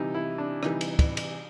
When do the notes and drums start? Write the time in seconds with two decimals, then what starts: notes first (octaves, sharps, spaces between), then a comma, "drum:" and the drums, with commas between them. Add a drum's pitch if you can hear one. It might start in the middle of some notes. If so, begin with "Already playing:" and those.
Already playing: C3 E3 G3 D#4
0.14 E4
0.38 D4
0.63 C3 E3 G3 D#4, drum: rim click
0.81 drum: cymbal
0.99 drum: kick, cymbal
1.17 drum: cymbal